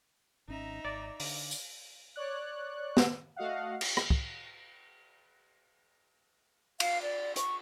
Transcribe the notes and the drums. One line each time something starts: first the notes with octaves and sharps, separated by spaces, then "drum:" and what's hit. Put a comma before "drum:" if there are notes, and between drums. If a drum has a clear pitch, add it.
G#1 C#4 D#4 E5 A#5
G#1 D5
D3, drum: open hi-hat
drum: tambourine
C#5 D5 F#6
drum: snare
A3 F#4 D#5 F5 F#5
drum: cymbal
drum: rim click
drum: kick
F5, drum: cymbal
D5
C#6, drum: hi-hat